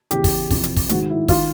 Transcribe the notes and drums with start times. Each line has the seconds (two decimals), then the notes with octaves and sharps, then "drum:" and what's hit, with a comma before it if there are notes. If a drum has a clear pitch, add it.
0.11 E2 C#3 E3 G4, drum: hi-hat
0.24 drum: kick, open hi-hat
0.51 F2 C3 E3, drum: kick, open hi-hat
0.63 drum: hi-hat
0.76 drum: kick, open hi-hat
0.89 G#2 D#3 F#4, drum: hi-hat
1.10 E4
1.28 D#3 F4, drum: kick, open hi-hat